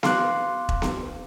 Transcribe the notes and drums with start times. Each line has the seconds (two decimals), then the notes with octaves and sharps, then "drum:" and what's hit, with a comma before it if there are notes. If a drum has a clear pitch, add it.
0.03 F5 C6 D6 F#6, drum: snare B3
0.69 drum: kick E1
0.82 drum: snare B3